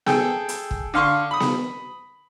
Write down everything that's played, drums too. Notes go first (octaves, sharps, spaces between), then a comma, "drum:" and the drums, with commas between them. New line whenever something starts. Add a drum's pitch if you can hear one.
G#4 A4 G5, drum: snare B3
drum: hi-hat
drum: kick
D3 F5 C6 C#6
B5 D#6
drum: snare B3